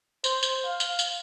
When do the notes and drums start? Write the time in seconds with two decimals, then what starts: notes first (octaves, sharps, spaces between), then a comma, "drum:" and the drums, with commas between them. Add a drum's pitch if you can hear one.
0.24 C5, drum: tambourine
0.43 drum: tambourine
0.65 F5
0.80 drum: tambourine
0.99 drum: tambourine